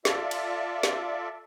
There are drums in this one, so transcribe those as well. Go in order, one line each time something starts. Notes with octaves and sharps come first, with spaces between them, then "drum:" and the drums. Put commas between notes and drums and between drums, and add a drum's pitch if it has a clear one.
F4 A4 D5 E5, drum: snare
drum: cymbal
drum: snare